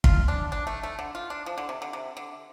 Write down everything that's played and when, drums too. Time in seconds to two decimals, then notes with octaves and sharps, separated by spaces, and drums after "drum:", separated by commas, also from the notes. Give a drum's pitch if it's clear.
0.04 F4, drum: kick
0.28 D4
0.52 D4
0.67 A3
0.83 A3
0.99 D3
1.15 F4
1.30 D4
1.46 F3
1.58 D3
1.69 C3
1.82 D3
1.93 C3
2.17 D3